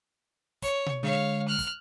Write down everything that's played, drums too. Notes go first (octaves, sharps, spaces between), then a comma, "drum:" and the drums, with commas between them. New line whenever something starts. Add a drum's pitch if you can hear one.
C#5, drum: kick, hi-hat
drum: tom B2
D3 G#3 C#5 F5
F6 F#6
drum: kick, hi-hat